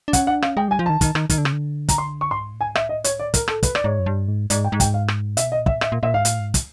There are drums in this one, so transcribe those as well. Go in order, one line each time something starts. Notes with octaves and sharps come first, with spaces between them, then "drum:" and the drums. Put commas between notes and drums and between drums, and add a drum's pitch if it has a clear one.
D4
C#4 F#5, drum: kick, hi-hat
D4 F#5
C#4 F5, drum: rim click
G#3 G5
G3 G#5
F3
D#3 A5
D#3, drum: kick, hi-hat
D#3, drum: rim click
D#3, drum: kick, hi-hat
D3
C#3, drum: rim click
D3
A#5, drum: kick, hi-hat
C6
C#6
G#2 C6
A2
G#5
G#2
A2 E5, drum: rim click
D#5
C#5, drum: hi-hat
D5
A#4, drum: kick, hi-hat
A4, drum: rim click
F#2 B4, drum: kick, hi-hat
D5, drum: rim click
G#2 C#5
F#2
G2
G#2
G#2 D5, drum: hi-hat
G5
G#2
G5, drum: kick, hi-hat
F5
drum: rim click
B2 E5, drum: hi-hat
D#5
A#2
E5, drum: kick
A2 E5, drum: rim click
A#2
A#2 E5
G#2 F5
A2, drum: hi-hat
G#2
drum: kick, hi-hat